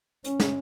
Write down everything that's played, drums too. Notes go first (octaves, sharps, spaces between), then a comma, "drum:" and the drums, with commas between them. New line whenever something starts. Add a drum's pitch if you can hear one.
C#4, drum: hi-hat
drum: snare